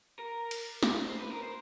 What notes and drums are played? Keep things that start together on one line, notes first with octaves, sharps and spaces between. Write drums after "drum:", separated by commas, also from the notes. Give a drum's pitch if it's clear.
A#4
drum: cymbal
drum: snare
C5
B4
A#4
C5